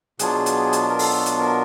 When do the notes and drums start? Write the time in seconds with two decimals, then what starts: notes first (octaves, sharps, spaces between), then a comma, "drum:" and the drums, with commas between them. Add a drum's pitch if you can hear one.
0.19 B2 F#3 B3 D4 F4 G#4, drum: hi-hat
0.46 drum: hi-hat
0.73 drum: hi-hat
0.90 A#4
0.99 A4, drum: open hi-hat
1.26 drum: hi-hat
1.40 A#4